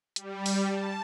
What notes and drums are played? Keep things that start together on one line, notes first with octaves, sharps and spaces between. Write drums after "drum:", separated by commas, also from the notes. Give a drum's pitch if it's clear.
G3, drum: hi-hat
drum: open hi-hat
A5